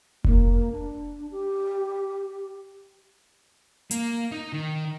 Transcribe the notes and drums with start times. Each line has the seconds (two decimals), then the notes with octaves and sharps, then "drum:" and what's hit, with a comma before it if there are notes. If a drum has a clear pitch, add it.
0.24 A#3, drum: kick F1
0.72 D4
1.31 G4
3.91 A#3, drum: hi-hat
4.32 D#4
4.53 D#3